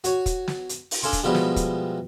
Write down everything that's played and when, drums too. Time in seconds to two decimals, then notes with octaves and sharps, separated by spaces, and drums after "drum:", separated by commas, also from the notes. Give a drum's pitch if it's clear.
0.04 F#4 C#5, drum: hi-hat
0.26 drum: kick, hi-hat
0.48 drum: snare
0.69 drum: hi-hat
0.91 drum: open hi-hat
1.03 D4 A4 F5 G#5 C6
1.13 drum: kick, hi-hat
1.24 B2 F3 G3 G#3 B3 E4
1.35 drum: snare
1.56 drum: kick, hi-hat